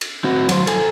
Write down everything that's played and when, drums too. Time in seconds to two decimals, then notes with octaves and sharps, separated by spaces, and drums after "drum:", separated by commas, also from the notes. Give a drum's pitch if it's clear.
0.01 drum: cymbal
0.24 C4 F#4
0.49 F#3 C5, drum: cymbal
0.67 A4 G#5, drum: cymbal